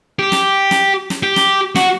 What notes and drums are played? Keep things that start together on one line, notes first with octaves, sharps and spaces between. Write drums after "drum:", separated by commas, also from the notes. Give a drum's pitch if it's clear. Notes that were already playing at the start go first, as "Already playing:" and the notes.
G4
drum: snare
drum: snare
drum: snare
G4
drum: snare
F#4, drum: snare